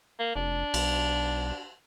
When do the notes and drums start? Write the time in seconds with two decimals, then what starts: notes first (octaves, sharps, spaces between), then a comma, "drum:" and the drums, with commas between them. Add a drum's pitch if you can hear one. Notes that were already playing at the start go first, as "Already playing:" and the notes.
0.19 A#3
0.36 F1 D4
0.74 B1, drum: cymbal